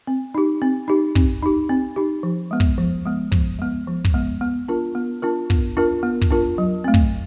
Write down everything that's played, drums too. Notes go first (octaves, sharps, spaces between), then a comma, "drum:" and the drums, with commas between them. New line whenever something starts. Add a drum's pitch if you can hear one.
C4
D#4 G4
C4
D#4 G4
C4, drum: kick
D#4 G4
C4
D#4 G4
F3
G#3 B3
drum: kick
F3
G#3 B3
F3, drum: kick
G#3 B3
F3
drum: kick
G#3 B3
B3
D4 F4 A#4
B3
D4 F4 A#4
B3, drum: kick
D4 F4 A#4
B3
drum: kick
D4 F4 A#4
F#3
A3 C4
drum: kick